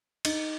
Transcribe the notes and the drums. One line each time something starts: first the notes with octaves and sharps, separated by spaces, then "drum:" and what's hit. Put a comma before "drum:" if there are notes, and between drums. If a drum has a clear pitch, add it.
D#4, drum: cymbal